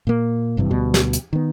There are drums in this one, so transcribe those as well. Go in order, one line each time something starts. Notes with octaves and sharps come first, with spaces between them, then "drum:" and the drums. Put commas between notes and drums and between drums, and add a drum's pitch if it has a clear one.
A#2 A#3
G#1 G2 C3 E3
D2 B2 G3
drum: snare
drum: hi-hat
D#3 B3